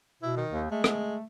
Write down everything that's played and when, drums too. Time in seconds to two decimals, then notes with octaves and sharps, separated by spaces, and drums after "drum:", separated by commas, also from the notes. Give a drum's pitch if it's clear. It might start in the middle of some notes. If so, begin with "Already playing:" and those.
0.22 B2 E4
0.37 D#3
0.52 D#2
0.71 G#3 A3
0.84 A3, drum: rim click